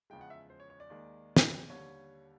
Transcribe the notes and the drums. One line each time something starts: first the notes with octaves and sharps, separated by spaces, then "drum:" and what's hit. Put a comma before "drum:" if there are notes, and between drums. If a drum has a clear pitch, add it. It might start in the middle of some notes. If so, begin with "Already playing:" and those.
E2 C#3 F3 G#3 G5
F#5
E5
C5
C#5
C#5
D5
D#2 D#3 G#3
drum: snare
D#2 D3 G3 C#5